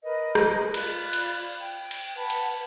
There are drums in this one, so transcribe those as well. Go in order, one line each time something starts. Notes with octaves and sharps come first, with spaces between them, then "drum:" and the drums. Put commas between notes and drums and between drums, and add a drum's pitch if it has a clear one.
A#4 B4 D#5
drum: rim click
F4 D5 B5 F#6, drum: cymbal
drum: cymbal
G5
drum: cymbal
B4 F#5 A5
drum: cymbal